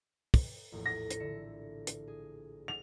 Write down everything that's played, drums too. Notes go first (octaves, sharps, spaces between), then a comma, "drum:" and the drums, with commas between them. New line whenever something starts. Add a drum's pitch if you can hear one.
drum: kick, open hi-hat
A#1 E2 A2
A#6
drum: hi-hat
D3 E5 C#7
drum: hi-hat
G#4
F7